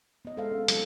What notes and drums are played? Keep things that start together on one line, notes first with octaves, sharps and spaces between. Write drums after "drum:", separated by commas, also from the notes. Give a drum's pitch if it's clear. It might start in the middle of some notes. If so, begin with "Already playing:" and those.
B3 D#5
G#3 A4 C5 E5 F5
C4 C#4
F#3 G#3 C4 E4 A4, drum: hi-hat